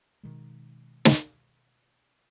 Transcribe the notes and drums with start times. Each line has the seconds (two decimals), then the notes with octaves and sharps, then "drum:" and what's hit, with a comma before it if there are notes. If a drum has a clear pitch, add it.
0.23 B2 D#3 G#3
1.05 drum: snare